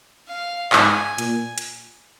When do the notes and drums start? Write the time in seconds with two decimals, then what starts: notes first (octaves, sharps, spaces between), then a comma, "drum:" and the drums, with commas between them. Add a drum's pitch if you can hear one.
0.28 F5
0.72 G#2 G#5, drum: clap
1.18 A#2, drum: hi-hat
1.58 drum: hi-hat